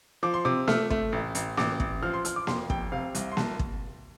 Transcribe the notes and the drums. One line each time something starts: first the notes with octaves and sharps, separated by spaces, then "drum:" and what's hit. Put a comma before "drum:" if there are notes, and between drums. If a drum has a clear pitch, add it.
F3 D6
C6
C3 D6
A3 F6, drum: snare A#3
A3, drum: kick
A1
A1, drum: hi-hat
A1 D6, drum: snare A#3
A1, drum: kick
F3 F6
C6
F3 F6, drum: hi-hat
D6
F2 C6, drum: snare A#3
F1 G5, drum: kick
C3 F5
C2, drum: hi-hat
C6
C2 A5, drum: snare A#3
drum: kick